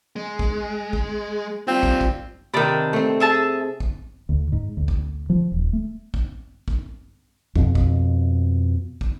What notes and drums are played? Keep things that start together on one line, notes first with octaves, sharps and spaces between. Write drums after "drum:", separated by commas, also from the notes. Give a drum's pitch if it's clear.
G#3
drum: kick
drum: kick
G3 C4 F4
drum: kick
drum: kick
C3 D#3 D4 B5
A3 C4
G#4 E5 A5
drum: kick
D2
G#2
D2
drum: kick
F3
D#1
A3
drum: kick
drum: kick
F2 B2, drum: kick
drum: kick
drum: kick